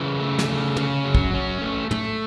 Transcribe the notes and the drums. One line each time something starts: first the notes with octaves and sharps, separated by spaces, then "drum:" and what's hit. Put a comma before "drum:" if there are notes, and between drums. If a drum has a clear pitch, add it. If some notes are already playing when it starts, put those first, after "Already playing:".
Already playing: C#3 E3
A3
drum: snare
C#3
C#4, drum: tom
F#3
drum: kick
C#4
A3
A3, drum: tom